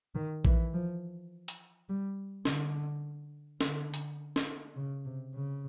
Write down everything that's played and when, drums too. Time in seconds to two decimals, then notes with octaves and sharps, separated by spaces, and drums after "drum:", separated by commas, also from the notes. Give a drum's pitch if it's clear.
0.15 D#3
0.45 E3, drum: kick A#1
0.74 F3
1.48 drum: hi-hat
1.89 G3
2.45 D3, drum: snare
3.61 D3, drum: snare
3.94 drum: hi-hat
4.36 drum: snare
4.76 C#3
5.05 C3
5.34 C#3